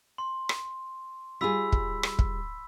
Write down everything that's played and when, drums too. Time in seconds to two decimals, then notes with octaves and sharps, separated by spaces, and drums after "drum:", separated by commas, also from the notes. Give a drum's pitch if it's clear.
0.18 C6
0.49 drum: rim click
1.41 G3 F4 G#4 B5 E6 B6
1.72 drum: kick
2.03 drum: rim click
2.19 drum: kick